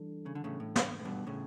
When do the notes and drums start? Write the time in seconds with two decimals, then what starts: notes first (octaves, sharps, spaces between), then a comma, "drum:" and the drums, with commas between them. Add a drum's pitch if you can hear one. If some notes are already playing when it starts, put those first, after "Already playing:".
Already playing: E3 G3 D4 A4
0.26 C#3
0.35 D3
0.44 A2 C#3
0.60 A2
0.76 drum: snare
1.00 A2
1.05 G2 B2
1.27 A2 C#3